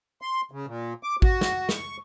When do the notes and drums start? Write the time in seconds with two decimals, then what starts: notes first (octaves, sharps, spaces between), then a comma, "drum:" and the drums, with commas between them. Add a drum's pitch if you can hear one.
0.22 C6
0.52 C#3
0.66 A#2
1.03 D6
1.22 F#4, drum: kick A1
1.41 drum: snare
1.69 C#6, drum: snare